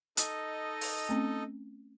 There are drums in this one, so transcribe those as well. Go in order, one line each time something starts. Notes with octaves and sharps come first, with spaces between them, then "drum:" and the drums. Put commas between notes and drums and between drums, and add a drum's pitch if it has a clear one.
D#4 A4 D#5, drum: hi-hat
drum: open hi-hat
A3 C4 C#4